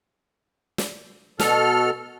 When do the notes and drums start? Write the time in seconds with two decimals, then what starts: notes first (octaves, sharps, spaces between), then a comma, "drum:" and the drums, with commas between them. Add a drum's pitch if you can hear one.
0.78 drum: snare
1.39 B2 A4 F6, drum: snare